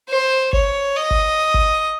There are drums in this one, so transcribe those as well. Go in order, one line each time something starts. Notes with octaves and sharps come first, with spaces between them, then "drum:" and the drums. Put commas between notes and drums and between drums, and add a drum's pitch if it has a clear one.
C5
C#5, drum: kick G1
D#5
drum: kick G1
drum: kick G1